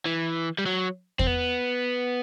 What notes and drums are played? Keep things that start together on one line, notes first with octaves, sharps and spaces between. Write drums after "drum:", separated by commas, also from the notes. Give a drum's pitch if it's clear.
E3
G3
F#3
C4, drum: kick E2
B3